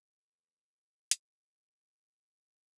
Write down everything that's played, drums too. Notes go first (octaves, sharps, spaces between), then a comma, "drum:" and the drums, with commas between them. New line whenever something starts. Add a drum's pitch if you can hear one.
A4
A3 C5
E4
A4
A3
A3, drum: hi-hat
E4 D5
A4 D5
A3 D6
A3 E6
E4 G5
A4
A3 C5